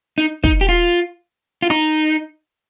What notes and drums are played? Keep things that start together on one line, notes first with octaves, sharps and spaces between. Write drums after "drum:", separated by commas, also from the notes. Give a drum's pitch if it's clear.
D#4
D#4, drum: kick
G4
F4
F4
D#4, drum: rim click